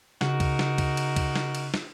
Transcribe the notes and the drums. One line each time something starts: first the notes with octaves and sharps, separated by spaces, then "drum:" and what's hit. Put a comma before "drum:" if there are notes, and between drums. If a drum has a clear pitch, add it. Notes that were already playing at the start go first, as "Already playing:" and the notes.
C#3 D#4 F#4 A#4, drum: snare
drum: kick C#2, cymbal
drum: snare
drum: kick C#2, cymbal
drum: cymbal
drum: kick C#2, cymbal
drum: snare
drum: cymbal
drum: snare